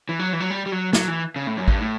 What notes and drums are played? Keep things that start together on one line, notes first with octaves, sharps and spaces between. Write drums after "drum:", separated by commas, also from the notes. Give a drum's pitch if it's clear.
E3
F#3
E3
F#3
G3
G3
F#3
F#3, drum: snare
E3
C#3
A2
F#2
G2, drum: kick
A2